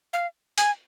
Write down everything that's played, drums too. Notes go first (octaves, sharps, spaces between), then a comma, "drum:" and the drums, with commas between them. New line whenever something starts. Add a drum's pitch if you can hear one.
F5
G#5, drum: hi-hat